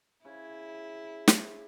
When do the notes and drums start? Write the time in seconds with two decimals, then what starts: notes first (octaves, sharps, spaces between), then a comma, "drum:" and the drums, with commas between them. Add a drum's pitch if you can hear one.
0.25 C#3 E4
1.28 drum: snare